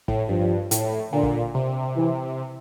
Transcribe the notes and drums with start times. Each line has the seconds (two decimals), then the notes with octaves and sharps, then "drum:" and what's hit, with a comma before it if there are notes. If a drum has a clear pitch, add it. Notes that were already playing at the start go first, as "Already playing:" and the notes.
0.08 A2, drum: kick
0.29 G2 F3
0.71 A2, drum: hi-hat
1.12 A#2 D3
1.23 drum: kick
1.55 C3
1.96 E3